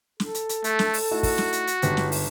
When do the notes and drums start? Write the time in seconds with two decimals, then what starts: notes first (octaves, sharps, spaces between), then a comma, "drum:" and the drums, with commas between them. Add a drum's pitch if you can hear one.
0.20 A4, drum: snare
0.35 drum: hi-hat
0.49 drum: hi-hat
0.64 A3, drum: hi-hat
0.79 drum: snare
0.94 drum: open hi-hat
1.11 A3 D#4 E4 F#4
1.23 drum: kick, open hi-hat
1.38 drum: snare
1.53 drum: hi-hat
1.67 drum: hi-hat
1.82 G1 G#2 G4, drum: hi-hat
1.97 drum: snare
2.12 drum: open hi-hat